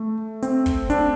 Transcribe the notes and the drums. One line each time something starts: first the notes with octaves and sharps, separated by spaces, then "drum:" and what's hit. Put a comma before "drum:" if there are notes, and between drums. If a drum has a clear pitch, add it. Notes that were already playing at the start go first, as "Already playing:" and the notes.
Already playing: A3
C4, drum: hi-hat
drum: kick, hi-hat
D4, drum: hi-hat